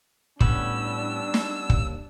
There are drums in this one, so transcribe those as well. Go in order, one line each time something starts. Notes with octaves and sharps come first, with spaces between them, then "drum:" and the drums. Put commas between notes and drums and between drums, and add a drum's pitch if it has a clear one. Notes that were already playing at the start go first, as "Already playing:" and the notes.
A2 G3 B3 C#4 D4 E6, drum: kick
drum: snare
D#2, drum: kick